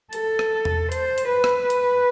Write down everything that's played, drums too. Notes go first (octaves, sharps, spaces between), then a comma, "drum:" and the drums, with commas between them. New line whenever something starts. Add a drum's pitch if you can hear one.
A4, drum: hi-hat
drum: rim click
drum: tom E2
C5, drum: hi-hat
drum: hi-hat
B4
drum: rim click
drum: hi-hat